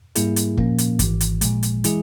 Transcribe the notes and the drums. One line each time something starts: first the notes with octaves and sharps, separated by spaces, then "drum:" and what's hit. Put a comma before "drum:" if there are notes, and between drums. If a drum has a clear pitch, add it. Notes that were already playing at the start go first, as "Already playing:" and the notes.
G#2 G3 A#3 E4 G#4, drum: hi-hat
drum: hi-hat
A#2 F3 A#3 C#4, drum: kick
drum: hi-hat
G#1 G#2 E3, drum: kick, hi-hat
drum: hi-hat
A#2 F3 G#3, drum: hi-hat
drum: hi-hat
E3 G#3 E4 G#4, drum: hi-hat